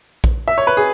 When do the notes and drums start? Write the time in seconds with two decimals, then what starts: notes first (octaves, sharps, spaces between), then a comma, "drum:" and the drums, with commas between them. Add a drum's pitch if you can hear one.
0.24 drum: kick A#1
0.48 E5
0.58 C#5
0.67 B4
0.77 G#4